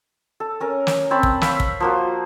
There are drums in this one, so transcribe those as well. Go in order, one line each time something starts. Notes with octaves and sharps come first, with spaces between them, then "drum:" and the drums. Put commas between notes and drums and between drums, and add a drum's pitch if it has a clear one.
A4
C#4 A#4
drum: snare
C4 C#5 A5 B5
drum: kick
E5 F5 B5 C#6, drum: snare
drum: kick
F3 A#3 F#4